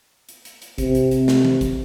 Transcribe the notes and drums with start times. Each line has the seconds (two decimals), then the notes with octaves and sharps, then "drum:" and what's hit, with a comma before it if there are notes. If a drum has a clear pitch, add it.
0.29 drum: hi-hat
0.45 drum: hi-hat
0.62 drum: hi-hat
0.78 C3, drum: kick, hi-hat
0.95 drum: hi-hat
1.11 drum: hi-hat
1.28 drum: snare
1.45 drum: tom D#3
1.61 drum: kick, hi-hat